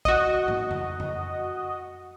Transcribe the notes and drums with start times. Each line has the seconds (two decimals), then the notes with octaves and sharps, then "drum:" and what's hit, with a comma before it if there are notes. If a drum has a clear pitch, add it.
0.05 F#4 D#5, drum: kick A#1
0.48 drum: tom
0.71 drum: tom F2
1.00 drum: tom F2